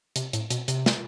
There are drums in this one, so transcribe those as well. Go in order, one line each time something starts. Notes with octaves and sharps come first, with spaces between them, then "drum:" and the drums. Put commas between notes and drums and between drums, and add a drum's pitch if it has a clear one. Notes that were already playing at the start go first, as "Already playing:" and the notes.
C3, drum: hi-hat
A2, drum: hi-hat
B2, drum: hi-hat
C3, drum: hi-hat
drum: snare